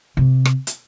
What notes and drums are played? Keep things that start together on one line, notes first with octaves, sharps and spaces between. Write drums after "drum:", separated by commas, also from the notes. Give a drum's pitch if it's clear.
C3
drum: rim click
drum: hi-hat